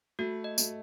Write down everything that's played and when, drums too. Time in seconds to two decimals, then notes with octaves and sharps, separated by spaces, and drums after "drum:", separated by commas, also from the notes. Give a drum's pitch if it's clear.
0.19 A3 F#4
0.44 D#5
0.58 A3, drum: tambourine